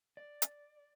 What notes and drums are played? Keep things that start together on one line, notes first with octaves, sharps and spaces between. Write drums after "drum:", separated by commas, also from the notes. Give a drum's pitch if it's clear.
D5
drum: hi-hat